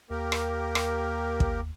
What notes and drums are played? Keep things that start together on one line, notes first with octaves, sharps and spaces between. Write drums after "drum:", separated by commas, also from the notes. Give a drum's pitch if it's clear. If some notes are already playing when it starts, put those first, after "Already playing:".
D#2 A#3 G4 A#4
drum: rim click
drum: rim click
drum: kick